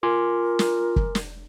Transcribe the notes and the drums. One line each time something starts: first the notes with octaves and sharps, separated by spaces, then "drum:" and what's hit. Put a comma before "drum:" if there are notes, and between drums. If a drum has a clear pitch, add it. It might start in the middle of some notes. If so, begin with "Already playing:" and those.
F4 A#4 G#5 C6 D6
drum: snare
drum: kick
drum: snare